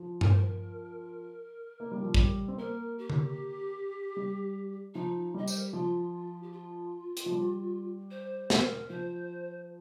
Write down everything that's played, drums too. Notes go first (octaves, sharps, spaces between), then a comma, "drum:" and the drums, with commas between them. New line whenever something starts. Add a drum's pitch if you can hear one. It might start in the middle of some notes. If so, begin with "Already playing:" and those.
Already playing: F3
A#4, drum: tom G2
C5
A#4
A#3
G3
F3
G3, drum: kick
C4
A#3 A#4
G4
drum: tom D3
G3
F3 D#4
G3 D#5
C5, drum: tambourine
A#4
G4
F3 F4
G4
F4
drum: hi-hat
F3
G3
C5
A#4, drum: snare
F3 C5